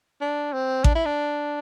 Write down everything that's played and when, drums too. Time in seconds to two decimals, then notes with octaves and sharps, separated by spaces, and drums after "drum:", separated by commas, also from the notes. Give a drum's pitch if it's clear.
0.21 D4
0.53 C4
0.84 D4, drum: kick A1
0.95 E4
1.05 D4